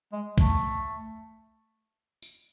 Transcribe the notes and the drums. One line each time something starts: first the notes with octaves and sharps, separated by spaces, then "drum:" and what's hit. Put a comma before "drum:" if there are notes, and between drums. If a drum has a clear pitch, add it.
G#3
A3, drum: kick
drum: tambourine